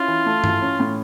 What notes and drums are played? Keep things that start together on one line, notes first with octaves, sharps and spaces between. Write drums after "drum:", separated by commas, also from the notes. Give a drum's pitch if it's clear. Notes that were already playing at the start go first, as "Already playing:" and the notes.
Already playing: C#4 E4 F4
E3
A3
E3, drum: tom G2
C#4
A2